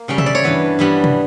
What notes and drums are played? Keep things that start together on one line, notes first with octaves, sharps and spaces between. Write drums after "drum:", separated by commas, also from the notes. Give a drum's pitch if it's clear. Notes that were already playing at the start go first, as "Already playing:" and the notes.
Already playing: A#3
C#3 G3 C#4 G5
E5, drum: tom B2
D5
C#5
G2 E3 B3
G2 E3 G3 B3
drum: tom B2